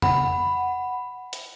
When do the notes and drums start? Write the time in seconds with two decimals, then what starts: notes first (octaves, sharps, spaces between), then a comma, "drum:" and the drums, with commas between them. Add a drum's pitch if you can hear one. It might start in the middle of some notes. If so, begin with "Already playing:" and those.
0.02 F#5 B5, drum: tom F2
1.33 drum: hi-hat